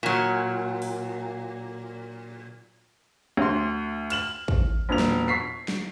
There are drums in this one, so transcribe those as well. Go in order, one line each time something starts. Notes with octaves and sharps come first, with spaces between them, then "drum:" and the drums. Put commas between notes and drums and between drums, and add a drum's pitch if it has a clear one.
A#2 F#3
drum: open hi-hat
D2 C6
F6 E7 F#7, drum: cymbal
drum: kick
E1 A#2 F7
drum: snare
C#6 B6 C7
drum: snare